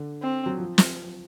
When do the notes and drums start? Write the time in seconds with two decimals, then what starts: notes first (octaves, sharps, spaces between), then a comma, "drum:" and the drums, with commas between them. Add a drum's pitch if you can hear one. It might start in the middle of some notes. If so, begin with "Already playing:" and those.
Already playing: D3
0.22 C4
0.46 F#3
0.58 F3
0.78 drum: snare